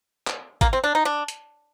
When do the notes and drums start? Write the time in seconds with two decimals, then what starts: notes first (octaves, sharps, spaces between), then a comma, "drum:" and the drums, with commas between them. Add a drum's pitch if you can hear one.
0.27 drum: clap
0.61 A#3, drum: kick G#1, hi-hat
0.73 C4
0.84 D4
0.95 D#4
1.05 D4
1.28 drum: hi-hat